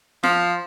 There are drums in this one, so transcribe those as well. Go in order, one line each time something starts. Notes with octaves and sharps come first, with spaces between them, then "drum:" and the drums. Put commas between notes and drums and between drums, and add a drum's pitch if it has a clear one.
F3, drum: snare F4